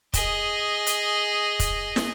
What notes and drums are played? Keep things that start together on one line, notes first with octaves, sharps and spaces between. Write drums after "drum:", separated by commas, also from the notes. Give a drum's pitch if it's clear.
G#4 D#5, drum: kick, hi-hat
drum: hi-hat
drum: kick, hi-hat
drum: snare